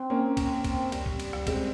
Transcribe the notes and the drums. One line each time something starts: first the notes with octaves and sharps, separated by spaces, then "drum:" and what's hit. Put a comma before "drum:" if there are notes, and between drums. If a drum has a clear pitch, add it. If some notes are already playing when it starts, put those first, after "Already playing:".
Already playing: C4
A#3 C#4
C4, drum: kick C2, cymbal
C4, drum: kick C2, cymbal
G3, drum: cymbal
drum: kick C2
drum: cymbal
drum: rim click
G#3 C4, drum: kick C2, cymbal